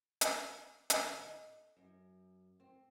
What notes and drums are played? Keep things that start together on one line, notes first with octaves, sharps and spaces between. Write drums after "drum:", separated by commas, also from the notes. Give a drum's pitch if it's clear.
C5, drum: hi-hat
D3, drum: hi-hat
D#5
F#2
C4